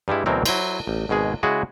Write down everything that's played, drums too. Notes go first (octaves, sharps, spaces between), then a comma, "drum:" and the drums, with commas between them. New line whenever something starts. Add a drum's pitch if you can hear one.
G2 G3 G#3 E4
D2 B2 E3 F#3 C4 A#4
F#3 E4 C5, drum: cymbal
A1
G#1 B2 G#3 G#4
C#3 G#3 E4 F#4 G#4